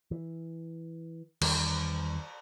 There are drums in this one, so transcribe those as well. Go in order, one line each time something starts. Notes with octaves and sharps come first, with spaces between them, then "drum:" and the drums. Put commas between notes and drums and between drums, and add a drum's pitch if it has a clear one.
E3
E2 D#3 G3, drum: cymbal